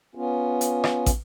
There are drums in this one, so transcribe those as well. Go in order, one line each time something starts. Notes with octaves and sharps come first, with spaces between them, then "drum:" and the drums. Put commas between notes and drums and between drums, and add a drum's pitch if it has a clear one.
B3 C#4 F4
drum: hi-hat
drum: rim click
drum: kick, hi-hat